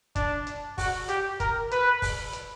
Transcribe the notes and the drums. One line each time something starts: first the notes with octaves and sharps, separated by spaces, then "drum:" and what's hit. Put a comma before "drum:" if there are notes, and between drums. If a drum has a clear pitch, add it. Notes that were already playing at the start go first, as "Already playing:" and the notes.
D4, drum: kick, hi-hat
drum: hi-hat
F#4, drum: kick, open hi-hat
G4, drum: hi-hat
A#4, drum: kick, hi-hat
B4, drum: hi-hat
drum: kick, open hi-hat
drum: hi-hat